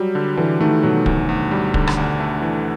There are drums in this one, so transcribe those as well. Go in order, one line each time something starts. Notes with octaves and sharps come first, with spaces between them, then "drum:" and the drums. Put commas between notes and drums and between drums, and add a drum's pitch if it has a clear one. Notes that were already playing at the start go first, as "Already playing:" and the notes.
Already playing: F#3 G3
D3
D3 E3
D#3 A3
B2 F#3
D2, drum: kick
D2
G3
D3, drum: kick
drum: rim click
D2
A3
E3